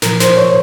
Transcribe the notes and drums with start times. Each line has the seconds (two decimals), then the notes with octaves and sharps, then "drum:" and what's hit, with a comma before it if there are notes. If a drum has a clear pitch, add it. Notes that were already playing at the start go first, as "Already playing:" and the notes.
0.02 A#2 F3 A#4, drum: snare
0.20 C5, drum: snare
0.37 C#5